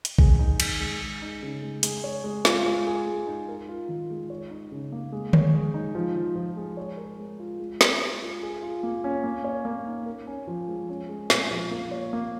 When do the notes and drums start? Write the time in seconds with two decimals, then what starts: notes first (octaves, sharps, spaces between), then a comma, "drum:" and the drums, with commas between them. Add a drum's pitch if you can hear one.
0.05 drum: hi-hat
0.19 G#4, drum: kick A1
0.39 D#4
0.60 D#3, drum: cymbal
0.80 G#3
1.00 G#4
1.21 D#4
1.43 C#3
1.62 G#3
1.83 G#3, drum: hi-hat
2.04 C#5
2.24 G#3
2.45 F4, drum: snare
2.65 G#3
2.87 G#4
3.07 G#3
3.27 D#4
3.48 A#4
3.69 F4
3.89 D#3
4.10 G#3
4.30 C#5
4.50 D#4
4.72 C#3
4.92 A#3
5.12 G#3
5.33 C#5, drum: tom D3
5.54 G#3
5.74 D#4
5.95 F3
6.15 F4
6.35 F3
6.57 G#3
6.77 C#5
6.97 A#4
7.18 G#3
7.40 F4
7.59 G#3
7.81 G#4, drum: snare
8.01 G#3
8.22 F4
8.42 G#4
8.62 F4
8.83 A#3
9.04 C#4
9.24 A#3
9.44 C#5
9.65 A#3
9.86 D#4
10.06 A#4
10.27 C#4
10.47 F3
10.68 G#3
10.89 C#4
11.09 G#3
11.30 A#2, drum: snare
11.51 F3
11.71 A#3
11.91 C#5
12.13 A#3